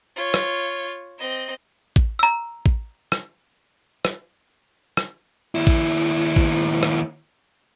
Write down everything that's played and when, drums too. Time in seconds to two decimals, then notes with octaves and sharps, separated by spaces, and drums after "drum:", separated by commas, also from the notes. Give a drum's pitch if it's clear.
0.16 F4 C#5
0.34 drum: rim click
1.19 C4 D#5
1.96 drum: kick A1
2.19 A#5 E6
2.66 drum: kick A1
3.12 drum: rim click
4.05 drum: rim click
4.97 drum: rim click
5.55 D#2 E4
5.67 drum: kick A1
6.36 drum: kick A1
6.83 drum: rim click